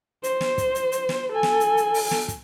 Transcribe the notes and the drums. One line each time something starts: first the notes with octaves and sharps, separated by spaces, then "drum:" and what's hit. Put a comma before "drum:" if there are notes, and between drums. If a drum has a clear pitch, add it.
C5, drum: hi-hat
drum: snare
drum: kick, hi-hat
drum: hi-hat
drum: hi-hat
drum: snare
A4 G#5
drum: snare
drum: hi-hat
drum: hi-hat
drum: open hi-hat
drum: snare
drum: kick, hi-hat